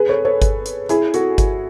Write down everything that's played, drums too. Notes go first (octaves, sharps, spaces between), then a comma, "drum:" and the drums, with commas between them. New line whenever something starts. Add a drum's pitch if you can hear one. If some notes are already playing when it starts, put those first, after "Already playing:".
Already playing: G#4 B4
A4 C#5
A4 C#5
drum: kick G1, hi-hat
drum: hi-hat
E4 G#4, drum: hi-hat
F#4 A4, drum: hi-hat
drum: kick G1, hi-hat